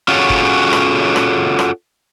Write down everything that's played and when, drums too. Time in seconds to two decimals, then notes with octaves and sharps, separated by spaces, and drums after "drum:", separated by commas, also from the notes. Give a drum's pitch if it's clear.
0.08 C#4 F4 F#4 G#4 A4 C#5
0.30 drum: kick
0.73 drum: rim click
1.16 drum: rim click
1.59 drum: rim click